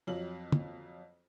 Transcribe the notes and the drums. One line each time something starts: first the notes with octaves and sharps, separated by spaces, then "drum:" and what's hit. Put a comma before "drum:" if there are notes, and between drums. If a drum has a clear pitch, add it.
F2 F#3 F4 F#7
drum: tom